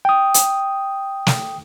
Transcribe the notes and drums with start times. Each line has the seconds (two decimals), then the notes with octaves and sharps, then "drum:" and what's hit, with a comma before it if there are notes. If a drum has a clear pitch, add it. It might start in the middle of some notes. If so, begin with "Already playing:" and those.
0.05 G5 D#6
0.34 drum: hi-hat
1.27 drum: snare